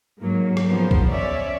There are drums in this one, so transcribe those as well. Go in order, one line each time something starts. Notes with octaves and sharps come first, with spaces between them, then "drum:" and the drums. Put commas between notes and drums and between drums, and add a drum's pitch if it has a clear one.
G#2 F#3 A#3
drum: rim click
C#3 F3 B3 A#4 C5
drum: kick
C#4 C#5 D5 E5